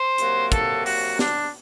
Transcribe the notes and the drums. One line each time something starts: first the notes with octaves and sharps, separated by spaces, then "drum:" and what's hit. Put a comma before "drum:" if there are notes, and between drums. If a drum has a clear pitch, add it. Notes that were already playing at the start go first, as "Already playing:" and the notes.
Already playing: C5
C3 F#3 A#3, drum: hi-hat
A4, drum: kick, hi-hat
F#4, drum: open hi-hat
D4, drum: snare